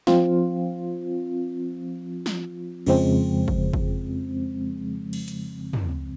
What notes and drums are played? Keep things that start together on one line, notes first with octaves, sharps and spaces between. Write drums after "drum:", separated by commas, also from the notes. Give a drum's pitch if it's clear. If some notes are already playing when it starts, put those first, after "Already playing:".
F3 C4 F4, drum: snare
drum: snare
F2 C#3 F3 G#3 C4, drum: cymbal
drum: kick
drum: kick
drum: cymbal
drum: hi-hat
drum: tom